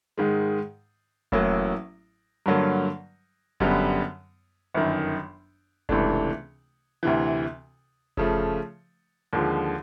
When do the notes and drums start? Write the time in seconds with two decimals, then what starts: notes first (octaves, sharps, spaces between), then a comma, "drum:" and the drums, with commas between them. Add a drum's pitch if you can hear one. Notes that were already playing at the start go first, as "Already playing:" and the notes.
0.18 G#2 D#3 G#3
1.32 A1 A2 F#3 A#3, drum: kick F1
2.46 G2 D3 F#3 A#3
3.60 F#2 D3 G3 B3, drum: kick F1
4.75 G1 F#2 D#3
5.89 C#2 C3 E3 A3 D4, drum: kick F1
7.03 D2 C3 E3
8.17 C#3 F3 A3, drum: kick F1
9.33 D#2 D3 F3 G#3